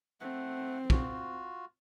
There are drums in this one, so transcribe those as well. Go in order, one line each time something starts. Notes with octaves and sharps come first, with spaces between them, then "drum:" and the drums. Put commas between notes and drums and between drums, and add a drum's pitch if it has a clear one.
A3 C4 F#5
F4 F#4, drum: kick